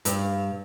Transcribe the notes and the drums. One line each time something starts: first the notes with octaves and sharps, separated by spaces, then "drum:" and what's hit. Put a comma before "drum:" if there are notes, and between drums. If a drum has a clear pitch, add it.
G2, drum: hi-hat